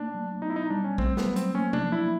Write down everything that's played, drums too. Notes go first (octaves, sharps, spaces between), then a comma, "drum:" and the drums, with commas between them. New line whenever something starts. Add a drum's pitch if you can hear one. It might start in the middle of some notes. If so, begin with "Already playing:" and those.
Already playing: A3 A#3 D4
F#3
B3 D#4
E4
D#4
G3 D4
C#4
A3 C4, drum: kick
B3, drum: snare
F#3
C4, drum: hi-hat
A#3 C#4
D4, drum: tom C3
F3
E4